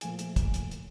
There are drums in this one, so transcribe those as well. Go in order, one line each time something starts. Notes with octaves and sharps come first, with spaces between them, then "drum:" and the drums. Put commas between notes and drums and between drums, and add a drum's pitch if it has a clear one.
A#2 F3 A3 A#3 G#5 D7, drum: hi-hat
drum: hi-hat
drum: kick, hi-hat
drum: hi-hat
drum: hi-hat